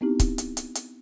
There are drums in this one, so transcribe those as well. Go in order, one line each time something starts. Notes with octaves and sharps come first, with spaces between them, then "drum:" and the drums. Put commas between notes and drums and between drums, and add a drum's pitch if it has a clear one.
B3 C4 D#4 E4 G4
drum: kick C#1, hi-hat
drum: hi-hat
drum: hi-hat
drum: hi-hat